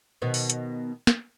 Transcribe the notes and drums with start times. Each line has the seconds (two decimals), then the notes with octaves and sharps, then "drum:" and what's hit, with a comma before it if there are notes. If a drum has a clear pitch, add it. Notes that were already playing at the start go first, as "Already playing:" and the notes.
0.22 B2 D#3 B3
0.34 drum: open hi-hat
0.50 drum: hi-hat
1.07 drum: snare